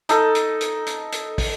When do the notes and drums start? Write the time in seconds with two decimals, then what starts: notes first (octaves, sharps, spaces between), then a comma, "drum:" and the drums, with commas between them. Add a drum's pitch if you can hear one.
0.09 D#4 A4, drum: hi-hat
0.35 drum: hi-hat
0.61 drum: hi-hat
0.86 drum: hi-hat
1.12 drum: hi-hat
1.38 drum: kick, open hi-hat